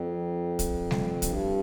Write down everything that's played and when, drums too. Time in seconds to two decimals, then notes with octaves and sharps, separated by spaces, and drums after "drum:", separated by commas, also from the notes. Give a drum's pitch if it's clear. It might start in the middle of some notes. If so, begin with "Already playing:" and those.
Already playing: F2
0.59 drum: kick, hi-hat
0.91 drum: snare G3
1.22 G2, drum: kick, hi-hat